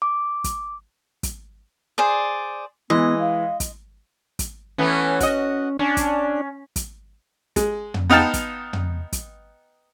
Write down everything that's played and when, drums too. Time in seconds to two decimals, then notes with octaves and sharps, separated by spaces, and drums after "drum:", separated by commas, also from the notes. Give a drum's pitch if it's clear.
0.02 D6
0.44 drum: kick, hi-hat
1.23 drum: kick, hi-hat
1.98 G#4 C5 D5
2.90 E3 G#3 B3 D#5
3.19 F5
3.60 drum: kick, hi-hat
4.39 drum: kick, hi-hat
4.78 E3 A3 B3 C#4
5.20 F#4 D#5, drum: kick, hi-hat
5.79 C#4 D4
5.97 drum: kick, hi-hat
6.76 drum: kick, hi-hat
7.56 G#3, drum: kick, hi-hat
7.94 drum: tom
8.10 B3 D#4 F5 G5 A5
8.34 drum: kick, hi-hat
8.73 drum: tom
9.13 drum: kick, hi-hat